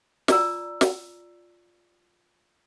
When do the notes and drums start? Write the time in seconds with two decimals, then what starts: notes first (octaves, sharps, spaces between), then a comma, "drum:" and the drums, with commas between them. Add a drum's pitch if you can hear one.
0.28 F4 D5 G#5 A#5 E6, drum: snare
0.81 drum: snare